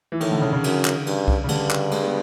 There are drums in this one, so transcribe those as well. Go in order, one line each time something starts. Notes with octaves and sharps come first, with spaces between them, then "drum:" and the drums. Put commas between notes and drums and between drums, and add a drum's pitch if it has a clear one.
E3
A2 D#3, drum: cymbal
D3
C#3
C#3
F#2, drum: cymbal
drum: clap
G2, drum: cymbal
drum: kick C2
C#3
G2 D3, drum: cymbal
drum: clap
G#3, drum: cymbal
B3